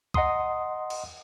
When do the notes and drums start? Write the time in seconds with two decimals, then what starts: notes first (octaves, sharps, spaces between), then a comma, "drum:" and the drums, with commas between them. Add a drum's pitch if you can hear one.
0.14 D#5 F#5 A#5 C6 D#6, drum: kick
0.90 drum: cymbal